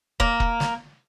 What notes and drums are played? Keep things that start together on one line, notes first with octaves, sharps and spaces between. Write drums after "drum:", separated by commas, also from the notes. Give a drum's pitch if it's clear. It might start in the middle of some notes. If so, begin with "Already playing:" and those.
A#3, drum: kick
drum: kick
drum: snare